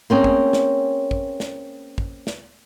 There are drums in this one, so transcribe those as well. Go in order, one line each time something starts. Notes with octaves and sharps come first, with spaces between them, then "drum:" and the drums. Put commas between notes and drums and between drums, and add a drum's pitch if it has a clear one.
A#3 C4 C#4 G#4
drum: kick
drum: snare
drum: kick
drum: snare
drum: kick
drum: snare